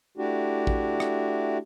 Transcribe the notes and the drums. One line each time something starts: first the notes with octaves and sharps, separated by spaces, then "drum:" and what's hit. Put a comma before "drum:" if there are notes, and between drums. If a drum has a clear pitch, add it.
A3 D4 E4 F#4 G4
drum: kick A1
drum: rim click